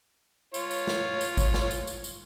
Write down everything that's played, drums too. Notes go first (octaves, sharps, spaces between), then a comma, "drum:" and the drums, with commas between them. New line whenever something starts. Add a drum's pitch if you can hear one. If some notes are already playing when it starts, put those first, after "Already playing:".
F4 C#5, drum: tambourine
drum: tambourine
drum: snare
drum: tambourine
drum: kick G#1, tambourine
drum: snare
drum: tambourine
drum: tambourine
drum: tambourine